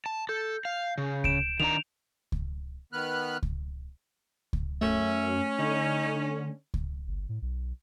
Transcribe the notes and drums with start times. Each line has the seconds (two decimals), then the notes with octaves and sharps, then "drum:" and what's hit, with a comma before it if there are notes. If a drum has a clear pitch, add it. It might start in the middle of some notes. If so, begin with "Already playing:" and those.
0.06 A5
0.29 A4 G6
0.65 F5
0.98 C#3
1.24 D7 E7, drum: kick C#2
1.60 D#3 D4 A#5 F7
2.32 drum: kick C#2
2.93 D#3 B3 B4 F6 F#6
3.43 drum: kick C#2
4.53 drum: kick C#2
4.81 F#2 A3 C#4 E5
5.59 D3 D#4
6.74 drum: kick C#2
7.07 G1
7.29 A2
7.42 B1